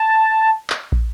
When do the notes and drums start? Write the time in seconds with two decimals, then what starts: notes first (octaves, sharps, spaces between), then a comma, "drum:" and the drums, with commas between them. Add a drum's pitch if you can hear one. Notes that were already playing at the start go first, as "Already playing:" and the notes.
Already playing: A5
0.70 drum: clap
0.92 drum: kick